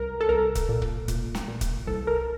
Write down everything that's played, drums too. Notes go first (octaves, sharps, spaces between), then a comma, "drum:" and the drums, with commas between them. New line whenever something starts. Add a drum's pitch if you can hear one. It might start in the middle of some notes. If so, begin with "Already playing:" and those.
Already playing: C2 A#4
A4
C2 A#4
drum: kick, hi-hat
A#2
drum: kick
A#2, drum: kick, hi-hat
drum: snare
A#2
drum: kick, hi-hat
C2 A4
A#4